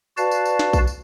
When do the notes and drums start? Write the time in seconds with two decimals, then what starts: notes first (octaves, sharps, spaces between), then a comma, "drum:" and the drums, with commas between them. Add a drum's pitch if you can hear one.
0.17 F#4 B4 D5 F5 A5, drum: tambourine
0.31 drum: tambourine
0.45 drum: tambourine
0.59 drum: snare
0.73 drum: kick, tambourine
0.87 drum: tambourine